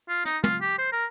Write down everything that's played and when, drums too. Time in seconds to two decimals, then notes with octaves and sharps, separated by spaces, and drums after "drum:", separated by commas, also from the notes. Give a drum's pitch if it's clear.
0.09 F4
0.25 D#4, drum: hi-hat
0.44 F4, drum: tom
0.61 G4
0.78 C5
0.92 A#4